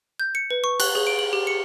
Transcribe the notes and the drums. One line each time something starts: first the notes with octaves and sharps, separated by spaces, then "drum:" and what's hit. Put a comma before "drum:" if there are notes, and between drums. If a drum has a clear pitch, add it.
G6
C#7
B4
C#6
F#6, drum: cymbal
G#4
D7
F#7
G4
C#7